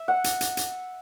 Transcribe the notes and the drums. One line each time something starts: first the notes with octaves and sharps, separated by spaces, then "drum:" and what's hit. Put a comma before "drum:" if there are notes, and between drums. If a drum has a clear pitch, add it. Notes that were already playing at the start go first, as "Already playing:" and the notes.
Already playing: E5
F#5
drum: hi-hat
drum: hi-hat
drum: hi-hat